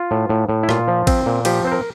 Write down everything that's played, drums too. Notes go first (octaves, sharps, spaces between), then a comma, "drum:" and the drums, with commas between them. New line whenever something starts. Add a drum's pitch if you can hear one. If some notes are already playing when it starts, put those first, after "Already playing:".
Already playing: F4
A2
A2
A2
E4
A#2 F4, drum: rim click
F3
C4, drum: kick A1, cymbal
A#2
F3 G4, drum: cymbal
C4 C5
A#4